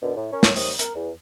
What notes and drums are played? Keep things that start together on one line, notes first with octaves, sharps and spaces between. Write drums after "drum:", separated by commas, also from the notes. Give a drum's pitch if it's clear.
F#2 B2 D3
A2
C#4 A#4 C#5
drum: snare
C3 D#3 C4 C#5 D#6, drum: open hi-hat
A#4, drum: hi-hat
E2